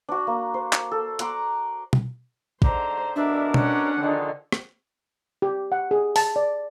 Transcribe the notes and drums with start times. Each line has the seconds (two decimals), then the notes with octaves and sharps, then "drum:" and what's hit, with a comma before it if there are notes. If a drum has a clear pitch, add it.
0.09 D4 F#4
0.27 A#3
0.54 C5
0.73 drum: clap
0.91 A4
1.19 F#5 A#5 C6 D6, drum: hi-hat
1.93 drum: tom B2
2.62 G#2 D3 C5 A#5, drum: kick
3.16 B2 D3 D4 A#4 E5
3.54 C#4 F#5, drum: tom B2
4.00 D3 D#3 F3 G#3
4.52 drum: rim click
5.42 G4
5.72 F#5
5.91 G#4
6.16 A5, drum: open hi-hat
6.36 D5